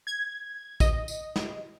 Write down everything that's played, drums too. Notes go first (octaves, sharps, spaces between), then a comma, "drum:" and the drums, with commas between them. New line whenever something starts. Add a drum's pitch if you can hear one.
G#6
D#5, drum: kick, tambourine
drum: tambourine
drum: snare